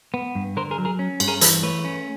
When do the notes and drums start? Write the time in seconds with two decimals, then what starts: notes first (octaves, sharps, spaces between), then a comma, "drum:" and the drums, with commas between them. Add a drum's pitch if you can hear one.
0.14 B3
0.35 G2
0.57 D3 A#4 C5
0.71 G#4 A#4
0.78 F#3
0.85 G#4 A#4
0.99 C#4
1.20 G2, drum: cymbal
1.28 G#4 A#4
1.41 E3 A4 B4, drum: hi-hat
1.63 A3 B4 C#5
1.85 C#4